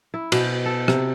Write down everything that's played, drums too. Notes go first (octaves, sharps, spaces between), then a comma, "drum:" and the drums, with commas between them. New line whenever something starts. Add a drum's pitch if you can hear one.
E4
B2, drum: cymbal
A4
C3, drum: rim click